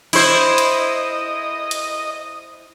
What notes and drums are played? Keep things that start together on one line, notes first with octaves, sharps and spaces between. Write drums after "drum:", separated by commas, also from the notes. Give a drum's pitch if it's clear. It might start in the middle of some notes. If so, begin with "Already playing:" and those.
E4 C5 D#5, drum: cymbal
drum: hi-hat
drum: hi-hat